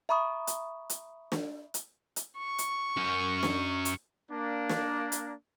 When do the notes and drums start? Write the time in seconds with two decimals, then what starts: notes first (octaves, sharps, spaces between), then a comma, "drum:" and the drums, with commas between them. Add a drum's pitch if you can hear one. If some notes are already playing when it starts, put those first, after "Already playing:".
0.09 E5 A#5 B5 C#6 D#6
0.47 drum: hi-hat
0.90 drum: hi-hat
1.32 drum: snare
1.74 drum: hi-hat
2.16 drum: hi-hat
2.37 C#6
2.58 drum: hi-hat
2.97 F#2 C#4
3.43 drum: snare
3.85 drum: hi-hat
4.31 A#3 D4
4.70 drum: snare
5.12 drum: hi-hat